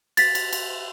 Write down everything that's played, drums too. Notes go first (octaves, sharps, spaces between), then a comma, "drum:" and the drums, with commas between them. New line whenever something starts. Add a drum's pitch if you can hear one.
A6 B6, drum: cymbal
drum: cymbal
drum: cymbal